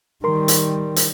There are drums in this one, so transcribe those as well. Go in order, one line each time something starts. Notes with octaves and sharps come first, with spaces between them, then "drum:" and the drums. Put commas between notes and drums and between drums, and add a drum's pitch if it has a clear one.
D#3 G3 A#4 C6
drum: hi-hat
drum: hi-hat